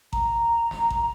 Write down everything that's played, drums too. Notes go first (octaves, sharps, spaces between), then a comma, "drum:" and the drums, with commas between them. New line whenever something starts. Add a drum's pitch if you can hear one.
A#5, drum: kick A1
drum: snare
drum: kick A1